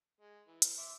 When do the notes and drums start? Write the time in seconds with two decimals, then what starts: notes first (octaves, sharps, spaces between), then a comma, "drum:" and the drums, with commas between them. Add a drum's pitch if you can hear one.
0.21 G#3
0.47 E3
0.62 drum: hi-hat
0.78 E5 C6 D6